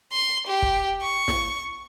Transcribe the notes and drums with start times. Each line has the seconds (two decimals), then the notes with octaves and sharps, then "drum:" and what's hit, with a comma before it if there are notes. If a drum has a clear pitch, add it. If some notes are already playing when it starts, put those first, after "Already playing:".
0.12 C6
0.47 G4
0.62 drum: kick
1.02 C#6
1.28 drum: snare